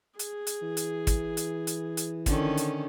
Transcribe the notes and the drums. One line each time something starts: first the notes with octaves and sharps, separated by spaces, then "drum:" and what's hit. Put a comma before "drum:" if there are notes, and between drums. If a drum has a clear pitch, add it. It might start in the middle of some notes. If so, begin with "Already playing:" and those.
G#4, drum: hi-hat
drum: hi-hat
E3
drum: hi-hat
drum: kick, hi-hat
drum: hi-hat
drum: hi-hat
drum: hi-hat
D3 D#3 C#4, drum: kick, hi-hat
drum: hi-hat